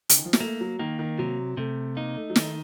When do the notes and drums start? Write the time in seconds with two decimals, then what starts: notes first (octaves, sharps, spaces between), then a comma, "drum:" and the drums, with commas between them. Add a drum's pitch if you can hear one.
0.09 C#3, drum: hi-hat
0.18 D#3
0.25 F3
0.33 F#3, drum: snare
0.40 A3 A#3
0.61 F#3
0.79 D#3 A#3
0.99 D#3
1.18 C3 F#3
1.57 C3 A3
1.96 A#3 D#4
2.16 A3
2.30 F#3
2.36 D#3 A3, drum: snare